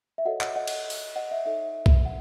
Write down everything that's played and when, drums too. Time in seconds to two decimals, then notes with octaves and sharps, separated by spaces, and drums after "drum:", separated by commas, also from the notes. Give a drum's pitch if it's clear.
0.18 E5
0.25 F#4 A4 C#5 D#5 F#5
0.41 D#5 F#5, drum: clap
0.56 D#5 F#5
0.68 drum: cymbal
0.90 drum: open hi-hat
1.16 D#5 F#5
1.31 E5
1.46 D#4 A4 C#5 E5
1.86 drum: kick
2.05 F#5